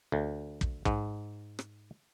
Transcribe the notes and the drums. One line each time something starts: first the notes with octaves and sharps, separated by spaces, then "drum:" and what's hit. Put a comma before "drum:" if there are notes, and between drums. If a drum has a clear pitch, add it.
D2
drum: kick
G#2, drum: kick
drum: rim click